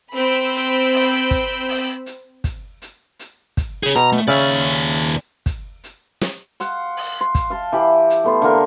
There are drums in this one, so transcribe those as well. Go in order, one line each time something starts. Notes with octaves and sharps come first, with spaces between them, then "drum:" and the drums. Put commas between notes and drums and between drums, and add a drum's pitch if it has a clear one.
C4 B5 E6 G6 D7
drum: hi-hat
drum: open hi-hat
drum: kick, hi-hat
drum: open hi-hat
drum: hi-hat
drum: kick, hi-hat
drum: hi-hat
drum: hi-hat
drum: kick, hi-hat
G#4 C#5
B2 A#5, drum: hi-hat
A3
D#2 C#3 C#4 D5 E5
drum: hi-hat
drum: hi-hat
drum: kick, hi-hat
drum: hi-hat
drum: snare
F5 F#5 C6, drum: hi-hat
drum: open hi-hat
C6
drum: kick, hi-hat
F5 A5 C6
E3 G4 B5
drum: hi-hat
A3 B3 C6
D3 A#3 A#4